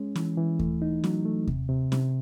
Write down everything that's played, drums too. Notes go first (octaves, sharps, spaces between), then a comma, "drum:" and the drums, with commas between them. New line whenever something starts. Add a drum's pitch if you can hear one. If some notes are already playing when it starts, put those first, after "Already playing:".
Already playing: G#3 C#4
E3, drum: snare C#4
E3
A3, drum: kick D#2
D#4
F#3, drum: snare C#4
A3
C3, drum: kick D#2
C3
C3, drum: snare C#4